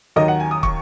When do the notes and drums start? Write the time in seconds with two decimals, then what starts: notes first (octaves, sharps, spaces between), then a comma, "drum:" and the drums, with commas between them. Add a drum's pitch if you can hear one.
0.16 D#2 D#3 F#3 D#5
0.28 F#5
0.40 G#5
0.51 D#6
0.63 C#6, drum: kick